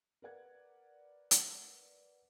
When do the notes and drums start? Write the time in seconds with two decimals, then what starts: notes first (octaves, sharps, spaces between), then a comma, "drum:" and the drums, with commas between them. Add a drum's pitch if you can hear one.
0.22 A#4 B4 D5 F#5 G#6
1.31 drum: hi-hat